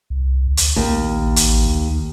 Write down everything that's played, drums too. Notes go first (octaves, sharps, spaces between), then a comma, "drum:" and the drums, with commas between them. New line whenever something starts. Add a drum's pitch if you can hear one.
C2
D2
drum: hi-hat
A#1 D#2
A1, drum: hi-hat
D2